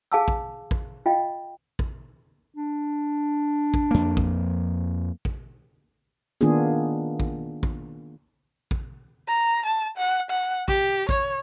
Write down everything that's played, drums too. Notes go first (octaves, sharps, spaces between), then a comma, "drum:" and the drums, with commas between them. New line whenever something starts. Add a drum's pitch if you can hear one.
G#4 F5 G#5 A5 D6 E6
drum: kick
drum: kick
F4 D#5 F5 G5
drum: kick
D4
drum: kick
F2 A#3
drum: kick
drum: kick
D#3 A#3 B3 D4 F4 G#4
drum: kick
drum: kick
drum: kick
A#5
A5
F#5
F#5
G4, drum: kick
C#5, drum: kick